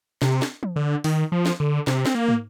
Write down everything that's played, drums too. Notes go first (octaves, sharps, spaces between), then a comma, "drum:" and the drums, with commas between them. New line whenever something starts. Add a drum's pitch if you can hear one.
C3, drum: snare
drum: snare
drum: tom E3
D3
D#3, drum: open hi-hat
F3
drum: snare
D3
C3, drum: snare
C4, drum: snare
A#3
drum: tom